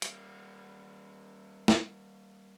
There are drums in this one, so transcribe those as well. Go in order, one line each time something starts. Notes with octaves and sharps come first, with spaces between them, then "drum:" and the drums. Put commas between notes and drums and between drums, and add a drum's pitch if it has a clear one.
G3 A#3, drum: hi-hat
drum: snare